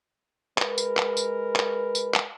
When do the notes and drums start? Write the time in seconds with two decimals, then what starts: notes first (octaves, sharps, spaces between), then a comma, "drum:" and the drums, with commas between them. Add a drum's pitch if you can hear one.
0.58 G#3 A#4 B4, drum: clap
0.78 drum: tambourine
0.97 drum: clap
1.17 drum: tambourine
1.56 drum: clap
1.95 drum: tambourine
2.14 drum: clap